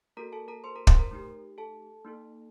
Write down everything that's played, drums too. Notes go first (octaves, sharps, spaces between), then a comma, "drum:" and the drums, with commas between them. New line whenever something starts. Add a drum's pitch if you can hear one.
A#3 F#4 A4 A#4 A#5
A4 A5
A#4 A#5
C5 C6
A#4 A#5
C5 C6, drum: kick
A#4 A#5
A3 D#4 G4
A4 A5
A#3 D#4 A4